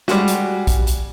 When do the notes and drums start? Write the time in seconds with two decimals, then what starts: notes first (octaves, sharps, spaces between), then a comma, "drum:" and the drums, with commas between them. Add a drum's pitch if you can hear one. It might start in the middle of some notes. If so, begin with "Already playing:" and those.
0.08 G3 G#3 F#4, drum: snare
0.28 drum: hi-hat
0.67 drum: kick, hi-hat
0.87 drum: hi-hat